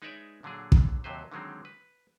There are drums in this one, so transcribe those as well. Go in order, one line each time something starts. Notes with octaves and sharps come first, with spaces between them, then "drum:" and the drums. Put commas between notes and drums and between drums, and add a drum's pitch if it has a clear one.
G#3 D#4 B4 C#5 D5 E5
A#2 D3 F#3 D4 G#4
drum: kick
D#2 C3 F#3 B4 C5
D3 D#3 F#3 G#3 C4
B4